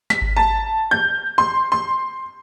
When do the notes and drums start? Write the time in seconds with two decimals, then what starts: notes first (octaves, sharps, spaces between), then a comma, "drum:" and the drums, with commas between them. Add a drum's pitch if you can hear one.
0.10 B6, drum: snare
0.22 drum: kick G#1
0.37 A5
0.91 G6
1.38 C6
1.72 C6